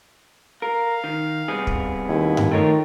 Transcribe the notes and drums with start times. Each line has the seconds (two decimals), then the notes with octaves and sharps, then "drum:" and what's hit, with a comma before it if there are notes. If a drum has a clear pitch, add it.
0.62 A#4 F5
1.04 D#3
1.48 C2 B3 G#4
1.67 drum: kick
2.08 D#2 E4
2.37 drum: tom G2
2.51 D#3 A3 F4 A#4 C#5